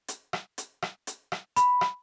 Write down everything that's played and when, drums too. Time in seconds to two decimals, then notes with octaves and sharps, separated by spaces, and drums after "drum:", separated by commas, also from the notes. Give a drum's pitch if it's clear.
0.08 drum: hi-hat
0.33 drum: rim click
0.58 drum: hi-hat
0.82 drum: rim click
1.07 drum: hi-hat
1.32 drum: rim click
1.56 B5, drum: hi-hat
1.81 drum: rim click